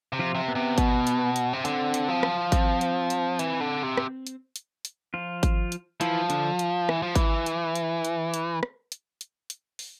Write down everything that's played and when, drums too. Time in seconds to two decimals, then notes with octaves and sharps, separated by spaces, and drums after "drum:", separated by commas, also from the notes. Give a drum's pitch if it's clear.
0.12 C3
0.19 F3 F4
0.35 C3
0.48 B3
0.55 C3
0.78 B2, drum: kick G#1, hi-hat
1.07 drum: hi-hat
1.36 drum: hi-hat
1.53 C3
1.65 D3 C4, drum: hi-hat
1.94 drum: hi-hat
2.08 F3
2.23 drum: rim click
2.52 C4, drum: kick G#1, hi-hat
2.81 drum: hi-hat
3.10 drum: hi-hat
3.39 E3, drum: hi-hat
3.61 D3
3.83 C3
3.97 drum: rim click
4.27 drum: hi-hat
4.56 drum: hi-hat
4.85 drum: hi-hat
5.14 F3 F4
5.43 drum: kick G#1, hi-hat
5.72 drum: hi-hat
6.01 E3 F3 E4, drum: hi-hat
6.30 D3 D4, drum: hi-hat
6.59 drum: hi-hat
6.89 E3, drum: rim click
7.02 F3
7.16 E3, drum: kick G#1, hi-hat
7.46 drum: hi-hat
7.75 drum: hi-hat
8.05 drum: hi-hat
8.34 drum: hi-hat
8.63 drum: rim click
8.92 drum: hi-hat
9.21 drum: hi-hat
9.50 drum: hi-hat
9.79 drum: open hi-hat